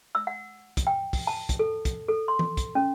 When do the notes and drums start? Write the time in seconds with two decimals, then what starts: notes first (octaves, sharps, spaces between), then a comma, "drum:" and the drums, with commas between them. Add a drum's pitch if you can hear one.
0.15 E6
0.27 F#5
0.77 drum: kick, hi-hat
0.87 G5
1.13 drum: kick, open hi-hat
1.27 A5
1.49 drum: kick, hi-hat
1.59 A4
1.85 drum: kick, hi-hat
2.08 A4
2.28 C6
2.39 drum: tom E3
2.57 drum: kick, hi-hat
2.75 C#4